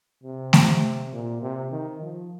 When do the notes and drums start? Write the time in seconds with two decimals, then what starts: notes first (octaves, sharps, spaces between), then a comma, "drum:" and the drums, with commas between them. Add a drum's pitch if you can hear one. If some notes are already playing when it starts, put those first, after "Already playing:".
0.23 C3
0.53 drum: snare A3
1.13 A#2
1.42 C3
1.72 D#3
2.02 F3